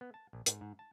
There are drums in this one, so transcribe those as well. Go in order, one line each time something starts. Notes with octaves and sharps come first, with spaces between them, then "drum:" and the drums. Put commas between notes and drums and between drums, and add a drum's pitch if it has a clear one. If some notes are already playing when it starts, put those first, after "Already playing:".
B3
A5
A#1
G#2, drum: hi-hat
G#2
A5